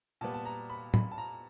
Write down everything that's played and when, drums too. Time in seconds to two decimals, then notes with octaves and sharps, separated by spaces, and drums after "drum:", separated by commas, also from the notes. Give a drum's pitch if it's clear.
0.21 A#2 G3 B3 A5
0.34 A5
0.45 A#5
0.70 B5
0.94 B5, drum: tom A2
1.12 A5
1.18 A#5